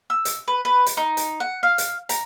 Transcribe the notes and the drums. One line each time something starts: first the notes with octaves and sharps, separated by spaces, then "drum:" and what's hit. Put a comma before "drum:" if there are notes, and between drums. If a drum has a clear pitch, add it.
E6
drum: hi-hat
B4
B4
drum: hi-hat
D#4
drum: hi-hat
F#5
F5
drum: hi-hat
A#5, drum: hi-hat